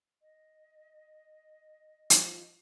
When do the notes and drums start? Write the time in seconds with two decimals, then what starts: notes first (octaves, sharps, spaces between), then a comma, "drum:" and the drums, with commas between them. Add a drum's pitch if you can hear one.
0.21 D#5
2.10 F3, drum: hi-hat